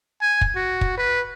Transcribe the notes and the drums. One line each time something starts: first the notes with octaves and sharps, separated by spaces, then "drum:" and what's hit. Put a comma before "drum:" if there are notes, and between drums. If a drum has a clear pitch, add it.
G#5
drum: kick
F#4
drum: kick
B4